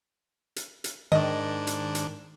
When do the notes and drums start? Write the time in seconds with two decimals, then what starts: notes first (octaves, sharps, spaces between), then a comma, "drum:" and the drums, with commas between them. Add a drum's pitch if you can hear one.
0.56 drum: hi-hat
0.84 drum: hi-hat
1.12 G#2 D#3 D4 D#5
1.67 drum: hi-hat
1.95 drum: hi-hat